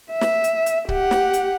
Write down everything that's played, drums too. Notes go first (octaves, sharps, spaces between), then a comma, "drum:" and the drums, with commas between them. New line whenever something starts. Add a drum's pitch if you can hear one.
E5
drum: snare
drum: hi-hat
drum: hi-hat
G4 F#5, drum: kick C#1
drum: snare
drum: hi-hat